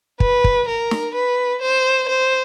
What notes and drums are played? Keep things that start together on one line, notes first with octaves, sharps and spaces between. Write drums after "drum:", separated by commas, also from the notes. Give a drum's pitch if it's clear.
B4, drum: kick
drum: kick
A#4
drum: snare
B4
C5
C5